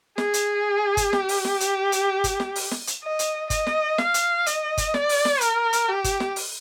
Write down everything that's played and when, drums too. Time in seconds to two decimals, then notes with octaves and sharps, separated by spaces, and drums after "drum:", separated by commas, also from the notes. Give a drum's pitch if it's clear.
0.18 G#4, drum: snare
0.34 drum: hi-hat
0.97 drum: kick G1, hi-hat
1.13 G4, drum: snare
1.29 drum: open hi-hat
1.45 drum: snare
1.60 drum: hi-hat
1.92 drum: hi-hat
2.24 drum: kick G1, hi-hat
2.40 drum: snare
2.56 drum: open hi-hat
2.71 drum: snare
2.87 drum: hi-hat
3.03 D#5
3.19 drum: hi-hat
3.50 D#5, drum: kick G1, hi-hat
3.67 drum: snare
3.98 F5, drum: snare
4.14 drum: hi-hat
4.46 D#5, drum: hi-hat
4.78 drum: kick G1, hi-hat
4.94 D5, drum: snare
5.09 drum: open hi-hat
5.25 drum: snare
5.41 A#4, drum: hi-hat
5.73 drum: hi-hat
5.88 G4
6.04 drum: kick G1, hi-hat
6.20 drum: snare
6.36 drum: open hi-hat